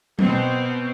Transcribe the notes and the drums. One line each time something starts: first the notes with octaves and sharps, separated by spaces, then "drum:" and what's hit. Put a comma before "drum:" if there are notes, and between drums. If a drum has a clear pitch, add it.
B2 C4, drum: tom F#3